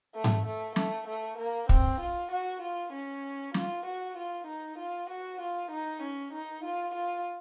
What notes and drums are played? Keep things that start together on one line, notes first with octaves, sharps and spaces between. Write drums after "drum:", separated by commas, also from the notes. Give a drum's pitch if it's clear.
A3
drum: tom G#2
A3
A3, drum: snare
A3
A#3
C4, drum: kick
F4
F#4
F4
C#4
F4, drum: snare
F#4
F4
D#4
F4
F#4
F4
D#4
C#4
D#4
F4
F4